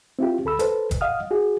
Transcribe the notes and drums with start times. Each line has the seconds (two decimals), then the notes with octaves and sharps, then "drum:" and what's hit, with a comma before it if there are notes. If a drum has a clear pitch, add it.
0.19 C4 E4 F4 G4
0.45 D2 A4 B5 E6
0.59 A4 B4 C5, drum: hi-hat
0.91 drum: kick F#1, hi-hat
1.01 D#5 F5 F#5 D#6 F6
1.31 F#4 G#4